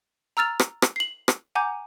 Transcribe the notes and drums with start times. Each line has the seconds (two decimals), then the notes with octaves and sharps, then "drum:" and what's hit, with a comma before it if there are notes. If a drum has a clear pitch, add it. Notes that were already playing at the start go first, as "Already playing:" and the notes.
0.37 A#5 E6 F6 A6 F7
0.60 drum: rim click
0.82 drum: rim click
0.96 C7 F#7
1.28 drum: rim click
1.55 F#5 G#5 A#5 D6 G6